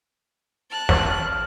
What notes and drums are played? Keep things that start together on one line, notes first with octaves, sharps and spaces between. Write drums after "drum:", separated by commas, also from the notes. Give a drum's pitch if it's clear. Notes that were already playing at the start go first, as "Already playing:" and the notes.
A5 F#6
drum: snare
F6